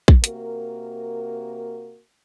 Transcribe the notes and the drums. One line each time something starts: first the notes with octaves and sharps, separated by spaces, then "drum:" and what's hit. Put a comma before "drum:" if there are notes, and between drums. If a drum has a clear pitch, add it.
drum: kick A#1
C3 A#3 F#4 A#4, drum: hi-hat